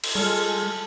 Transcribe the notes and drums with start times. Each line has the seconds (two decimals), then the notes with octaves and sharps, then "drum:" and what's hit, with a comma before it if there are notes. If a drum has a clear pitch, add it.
0.03 drum: cymbal
0.15 G3 G#3 F4 A4 G#5 F6